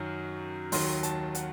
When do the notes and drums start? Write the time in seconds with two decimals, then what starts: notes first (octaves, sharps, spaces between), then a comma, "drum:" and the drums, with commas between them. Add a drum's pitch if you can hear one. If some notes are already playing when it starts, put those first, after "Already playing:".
Already playing: F#2 D#3 F#3
0.72 D#2 D#3 F#3 C6, drum: open hi-hat
1.03 A5, drum: hi-hat
1.35 F#5, drum: hi-hat